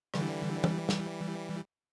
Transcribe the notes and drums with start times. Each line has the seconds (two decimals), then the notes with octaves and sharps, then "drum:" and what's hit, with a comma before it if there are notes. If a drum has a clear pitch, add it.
0.14 D3 E3 G3, drum: rim click
0.64 E3 G3, drum: tom
0.89 drum: snare